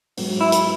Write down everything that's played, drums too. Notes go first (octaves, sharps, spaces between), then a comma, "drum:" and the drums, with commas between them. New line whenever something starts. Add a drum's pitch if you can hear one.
G#2 F#3 B3, drum: open hi-hat
E4
drum: hi-hat